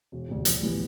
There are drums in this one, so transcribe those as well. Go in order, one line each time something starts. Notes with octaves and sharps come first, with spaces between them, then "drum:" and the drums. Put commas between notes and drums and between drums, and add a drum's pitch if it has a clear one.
E1
D2 C3
A#1, drum: hi-hat
A2 E3 G3 B3